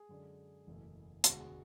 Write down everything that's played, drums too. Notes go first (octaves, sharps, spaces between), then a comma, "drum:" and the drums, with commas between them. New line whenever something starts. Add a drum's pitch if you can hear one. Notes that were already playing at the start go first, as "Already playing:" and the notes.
Already playing: G#4
F#2 D3 G#3 D4
F#1 E2 B2 A3
E1 D2 D3 G#3 B3 F#4, drum: hi-hat
G#4